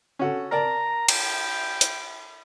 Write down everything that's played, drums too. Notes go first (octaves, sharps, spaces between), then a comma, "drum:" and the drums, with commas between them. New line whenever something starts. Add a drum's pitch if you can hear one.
C#4 F#4 A4
A#4 D5 A5 A#5
G5, drum: cymbal
drum: hi-hat